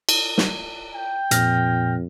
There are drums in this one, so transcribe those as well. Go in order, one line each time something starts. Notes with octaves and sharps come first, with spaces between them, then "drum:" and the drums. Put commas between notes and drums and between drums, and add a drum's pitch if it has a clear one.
drum: cymbal
drum: snare
G5
F2 A#2 F6 A#6, drum: hi-hat